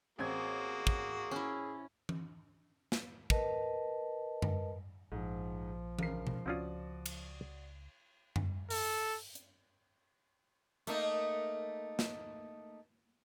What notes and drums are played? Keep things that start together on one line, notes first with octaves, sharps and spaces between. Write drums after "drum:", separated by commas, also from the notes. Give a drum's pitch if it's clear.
A1 A#3 C4 F#4 G#4 G#6
drum: kick
C#4 E4
drum: tom E3
drum: snare
A#4 B4 D#5 A5, drum: kick
drum: tom F#2
A#1 G#2 F3
C#2 A#4 C7, drum: tom E3
drum: tom B2
C#2 C4 C#4 F4 F#4 D5 D#6
drum: cymbal
drum: tom F#2
A4, drum: open hi-hat
drum: hi-hat
A3 A#3 D#4, drum: hi-hat
drum: snare